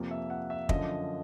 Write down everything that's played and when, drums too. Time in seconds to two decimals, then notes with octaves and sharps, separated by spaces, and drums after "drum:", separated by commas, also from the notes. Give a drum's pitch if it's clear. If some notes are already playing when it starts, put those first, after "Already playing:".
Already playing: F2 C3 F3 A#3
0.11 E5
0.30 F#5
0.50 E5
0.69 F#2 D3 F3 D#5, drum: kick